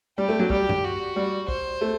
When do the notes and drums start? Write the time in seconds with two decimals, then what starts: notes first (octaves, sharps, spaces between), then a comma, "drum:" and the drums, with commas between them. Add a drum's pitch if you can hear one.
0.18 G3 G4
0.29 A3
0.39 F#3
0.50 G3 G4, drum: kick
0.69 drum: tom F#2
0.84 F#4
1.16 G3
1.48 C5, drum: kick
1.81 A3